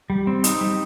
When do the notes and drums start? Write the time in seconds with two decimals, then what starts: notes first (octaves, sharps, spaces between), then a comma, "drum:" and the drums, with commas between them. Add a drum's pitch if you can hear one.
0.10 G3
0.27 C4
0.44 D#4, drum: hi-hat
0.61 G3